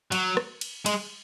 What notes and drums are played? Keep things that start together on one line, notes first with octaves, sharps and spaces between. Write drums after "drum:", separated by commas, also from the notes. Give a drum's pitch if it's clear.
F#3, drum: cymbal
drum: rim click
drum: cymbal
G#3, drum: cymbal